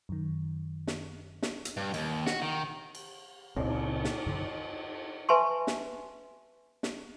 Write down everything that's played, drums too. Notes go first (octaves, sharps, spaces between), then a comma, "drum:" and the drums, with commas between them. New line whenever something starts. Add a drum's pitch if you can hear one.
F#2 D#3
drum: snare
drum: snare
drum: hi-hat
G2
D#2, drum: cymbal
F#4, drum: snare
D#3
drum: cymbal
C#2 A#2 C#3 C4, drum: cymbal
drum: snare
F#2 D3
B4 E5 G#5 A5 C6 C#6
drum: snare
drum: snare